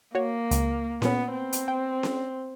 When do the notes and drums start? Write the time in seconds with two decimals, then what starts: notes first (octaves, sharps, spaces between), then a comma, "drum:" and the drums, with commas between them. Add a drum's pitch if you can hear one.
0.15 A#3 F#4 C#5
0.51 C#2, drum: hi-hat
1.02 A#2 B3 C#4, drum: snare C#4
1.34 C4
1.53 drum: hi-hat
1.68 G5
2.03 drum: snare C#4